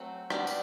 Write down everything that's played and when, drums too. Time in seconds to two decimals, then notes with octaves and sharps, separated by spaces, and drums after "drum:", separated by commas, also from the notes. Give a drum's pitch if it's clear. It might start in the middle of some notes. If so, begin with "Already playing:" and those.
Already playing: F#3 A3 C4
0.30 G3 B3 D4, drum: rim click
0.47 drum: tambourine